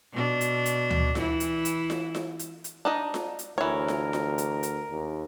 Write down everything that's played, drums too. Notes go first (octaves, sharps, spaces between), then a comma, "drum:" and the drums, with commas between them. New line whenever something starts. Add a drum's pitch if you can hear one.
B2 D4
drum: hi-hat
drum: hi-hat
drum: tom D2
E3 E4, drum: snare F4
drum: hi-hat
drum: hi-hat
drum: snare F4
drum: snare F4
drum: hi-hat
drum: hi-hat
D4 D#4 D#5
drum: snare F4
drum: hi-hat
D2 E3 A#4 C#5
drum: snare F4
drum: snare F4
drum: hi-hat
drum: hi-hat
D#2